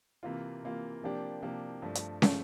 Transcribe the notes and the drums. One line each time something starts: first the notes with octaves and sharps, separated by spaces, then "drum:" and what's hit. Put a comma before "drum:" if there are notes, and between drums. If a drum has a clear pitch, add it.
C3 E3 A#3 F4
C3 E3 A#3 F4
C3 F3 A#3 D4 G4
C3 F3 A#3 D4 G4
G2 F3 A3
drum: hi-hat
F3 A3, drum: snare